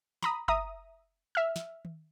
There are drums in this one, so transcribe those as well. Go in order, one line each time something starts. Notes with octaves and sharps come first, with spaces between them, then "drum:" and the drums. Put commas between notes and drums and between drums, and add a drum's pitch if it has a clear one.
A#5 B5 D#6, drum: snare
E5 A#5 D#6, drum: kick F#1
E5 F6
drum: snare
drum: tom D#3